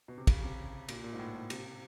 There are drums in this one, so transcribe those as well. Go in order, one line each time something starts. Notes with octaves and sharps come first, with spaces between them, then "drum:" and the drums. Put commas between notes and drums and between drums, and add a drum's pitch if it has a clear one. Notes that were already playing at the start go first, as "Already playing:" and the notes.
B2
C3
C#3, drum: kick, cymbal
C3
A#2, drum: cymbal
A#2
G#2
A2
A#2
C3, drum: cymbal